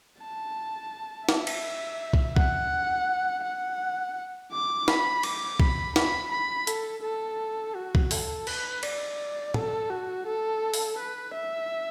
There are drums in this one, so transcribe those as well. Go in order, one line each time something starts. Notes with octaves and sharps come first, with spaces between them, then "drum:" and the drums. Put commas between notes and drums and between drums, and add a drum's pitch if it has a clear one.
A5
E5, drum: snare D#4
drum: cymbal
drum: kick
F#5, drum: kick
F#5
D6
B5, drum: snare D#4
D6, drum: cymbal
B5, drum: kick
B5, drum: snare D#4
B5
A4, drum: hi-hat
A4
F#4
drum: kick
A4, drum: open hi-hat
B4, drum: cymbal
D5, drum: cymbal
A4, drum: tom
F#4
A4
drum: open hi-hat
B4
E5